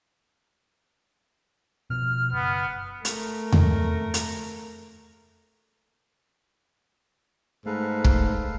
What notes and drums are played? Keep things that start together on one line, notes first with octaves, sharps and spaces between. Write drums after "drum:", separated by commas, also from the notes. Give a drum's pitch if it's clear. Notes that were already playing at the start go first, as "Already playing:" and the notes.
B2 F3 F6
F#1 B3
A3 A#4, drum: hi-hat
drum: tom E2
drum: hi-hat
G#2 A3 A4 B4 F5
drum: kick